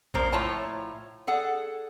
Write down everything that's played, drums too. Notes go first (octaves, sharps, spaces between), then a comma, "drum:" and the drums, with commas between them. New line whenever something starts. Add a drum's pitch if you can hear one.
C#3 F3 A#3 C5, drum: kick A#1
A2 F3 F4 C#5 A5 A#5
G#4 A4 F#5